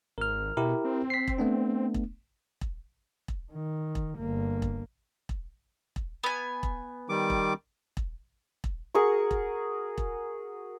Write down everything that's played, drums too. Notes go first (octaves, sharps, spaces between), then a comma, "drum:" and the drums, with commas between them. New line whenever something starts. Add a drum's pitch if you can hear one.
G#1 A#4 F6
B2 E4 G4 A#4
C4
B6 C7
drum: kick E1
A3 B3 D4
drum: kick E1
drum: kick E1
drum: kick E1
D#3
drum: kick E1
G1 A#3
drum: kick E1
drum: kick E1
drum: kick E1
B3 G#5
drum: kick E1
D#3 G3 D6
drum: kick E1
drum: kick E1
drum: kick E1
F#4 G#4 A#4 C#6
drum: kick E1
drum: kick E1